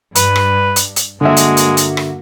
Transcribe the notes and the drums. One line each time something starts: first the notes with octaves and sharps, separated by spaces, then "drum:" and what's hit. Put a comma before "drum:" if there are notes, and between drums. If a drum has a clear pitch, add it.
G2 B4, drum: hi-hat
drum: rim click
drum: hi-hat
drum: hi-hat
G2 D3 G#3 A#3 F#4 E5
drum: hi-hat
drum: hi-hat
drum: hi-hat
drum: rim click